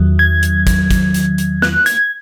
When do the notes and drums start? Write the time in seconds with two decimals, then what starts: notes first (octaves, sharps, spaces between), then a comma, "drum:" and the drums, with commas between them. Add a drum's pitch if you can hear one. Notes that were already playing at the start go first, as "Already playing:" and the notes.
Already playing: E2 D#3 F#3
0.19 G#6
0.43 drum: hi-hat
0.67 drum: kick, hi-hat
0.91 drum: kick, hi-hat
1.14 drum: hi-hat
1.38 drum: hi-hat
1.62 F#6, drum: snare
1.86 G#6, drum: hi-hat